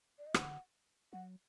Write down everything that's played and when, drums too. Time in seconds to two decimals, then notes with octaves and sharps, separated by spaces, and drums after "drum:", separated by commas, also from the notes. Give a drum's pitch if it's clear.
0.19 D5
0.26 D#5
0.34 D3 F#5, drum: rim click
1.13 F#3 F#5